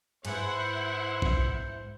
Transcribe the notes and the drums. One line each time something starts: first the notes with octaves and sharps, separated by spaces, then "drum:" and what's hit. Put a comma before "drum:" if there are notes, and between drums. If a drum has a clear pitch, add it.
G#2 E4 B4 C5 F#5, drum: cymbal
drum: kick B1